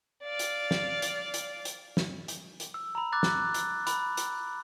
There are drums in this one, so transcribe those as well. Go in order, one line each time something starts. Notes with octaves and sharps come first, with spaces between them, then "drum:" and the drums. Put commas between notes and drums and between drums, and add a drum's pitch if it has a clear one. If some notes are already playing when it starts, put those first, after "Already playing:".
D5 F5
drum: hi-hat
drum: snare
drum: hi-hat
drum: hi-hat
drum: hi-hat
drum: snare
drum: hi-hat
drum: hi-hat
E6
A#5 B5
D6 F#6 A6
drum: snare
drum: hi-hat
B5, drum: hi-hat
drum: hi-hat